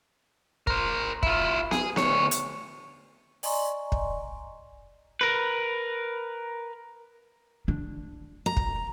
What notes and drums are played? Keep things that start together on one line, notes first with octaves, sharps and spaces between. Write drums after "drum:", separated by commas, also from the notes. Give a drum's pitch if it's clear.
A#4 C5, drum: kick
E4 F4, drum: kick
G#4, drum: snare B3
D2 C#5, drum: snare B3
drum: hi-hat
D5 D#5 G#5 A#5 C6 C#6, drum: open hi-hat
drum: kick
A#4 B4
D4
A#5
drum: kick